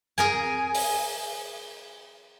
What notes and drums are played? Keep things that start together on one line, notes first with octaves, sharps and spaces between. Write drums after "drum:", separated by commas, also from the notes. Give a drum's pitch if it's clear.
G#4 A#4 G#5
drum: open hi-hat